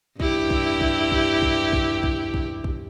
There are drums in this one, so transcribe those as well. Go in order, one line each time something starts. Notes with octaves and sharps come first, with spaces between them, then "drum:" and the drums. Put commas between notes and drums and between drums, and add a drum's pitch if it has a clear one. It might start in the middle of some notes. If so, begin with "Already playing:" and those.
G2 E4 G4, drum: kick
drum: kick
drum: kick
drum: kick
drum: kick
drum: kick
drum: kick
drum: kick
drum: kick